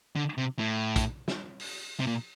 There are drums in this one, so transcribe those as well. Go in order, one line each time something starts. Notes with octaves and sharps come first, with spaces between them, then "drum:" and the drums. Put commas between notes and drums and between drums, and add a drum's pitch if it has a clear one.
D3
C3
A2
drum: kick, hi-hat
drum: snare
drum: open hi-hat
C3
A#2